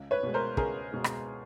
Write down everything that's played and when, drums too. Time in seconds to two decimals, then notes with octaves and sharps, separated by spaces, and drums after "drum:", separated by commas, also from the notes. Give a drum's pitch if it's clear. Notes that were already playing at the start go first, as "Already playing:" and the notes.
Already playing: C#2
0.11 B4 C#5
0.23 B2 G#3
0.34 A#4 C5
0.57 C#2 G#4 A#4, drum: kick
0.93 B2 G#3
1.04 drum: rim click